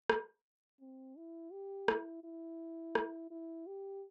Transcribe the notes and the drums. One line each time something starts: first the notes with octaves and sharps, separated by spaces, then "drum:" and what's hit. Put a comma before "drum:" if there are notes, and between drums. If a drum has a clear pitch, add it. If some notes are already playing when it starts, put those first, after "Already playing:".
drum: rim click
C4
E4
G4
E4, drum: rim click
E4
drum: rim click
E4
G4